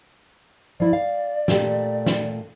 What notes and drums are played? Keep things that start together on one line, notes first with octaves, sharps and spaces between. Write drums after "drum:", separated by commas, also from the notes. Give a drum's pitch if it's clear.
F3 E4 D5
F5
A#2 A3 G4, drum: snare
drum: snare